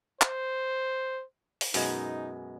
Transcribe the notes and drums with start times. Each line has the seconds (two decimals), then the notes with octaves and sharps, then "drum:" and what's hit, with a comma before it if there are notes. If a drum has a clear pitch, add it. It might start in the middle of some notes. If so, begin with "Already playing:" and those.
0.21 C5, drum: clap
1.61 drum: open hi-hat
1.74 F#2 B2 G#3 D#4, drum: open hi-hat